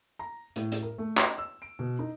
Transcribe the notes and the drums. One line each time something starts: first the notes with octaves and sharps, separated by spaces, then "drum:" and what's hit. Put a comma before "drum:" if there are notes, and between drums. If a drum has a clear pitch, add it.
A#5
A2, drum: hi-hat
drum: hi-hat
A#4
A3
D#5, drum: clap
E6
D7
B2
D#4